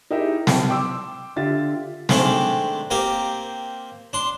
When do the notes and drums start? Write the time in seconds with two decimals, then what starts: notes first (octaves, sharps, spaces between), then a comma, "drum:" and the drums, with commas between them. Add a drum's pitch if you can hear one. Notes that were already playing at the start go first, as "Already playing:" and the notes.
0.10 D#4 E4 G4 G#4 A#4 E5
0.47 G5 A5, drum: snare
0.69 G5 C6 D6 E6
1.36 D3 F4 G4 E5 A6
2.09 D#3 G#3 A3 C4 D4, drum: snare
2.90 A#3 C4 G4 A#4
4.13 D4 C6